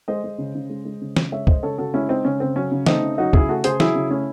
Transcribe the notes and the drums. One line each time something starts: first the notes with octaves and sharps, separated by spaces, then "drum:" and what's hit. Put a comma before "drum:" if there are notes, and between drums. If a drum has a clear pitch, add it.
G#3 C5 D#5
G#3
C#3
C#3
G#3
G#3
C#3
C#3, drum: snare
G#3 C#5 E5
G#3 C5 D#5, drum: kick
C#3 A4 C#5
C#3 F#4 A4
G#3 C#4 E4
G#3 C4 D#4
C#3 C#4
C#3 C4
F#3 C#4
C#3
A3 C4 D#4, drum: snare
C#3
F#3 D#4 F#4
C#3 E4 G#4, drum: kick
A3 F#4 A4
C#3 G#4 C5, drum: hi-hat
F#3 E4 G#4, drum: snare
C#3
A3 C#4 E4